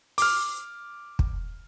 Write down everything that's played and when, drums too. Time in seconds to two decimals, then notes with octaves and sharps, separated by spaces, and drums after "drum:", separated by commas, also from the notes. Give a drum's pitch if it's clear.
0.18 D6 F6, drum: open hi-hat
1.19 drum: kick